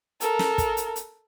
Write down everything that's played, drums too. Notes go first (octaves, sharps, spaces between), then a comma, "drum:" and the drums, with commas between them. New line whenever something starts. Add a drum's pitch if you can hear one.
A4 A#4, drum: hi-hat
drum: snare
drum: kick, hi-hat
drum: hi-hat
drum: hi-hat